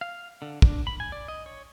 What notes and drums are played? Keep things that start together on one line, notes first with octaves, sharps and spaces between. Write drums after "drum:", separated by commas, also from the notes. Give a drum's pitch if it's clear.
F5
D3
D4, drum: kick
B5
G#5
D5
D#5
C#5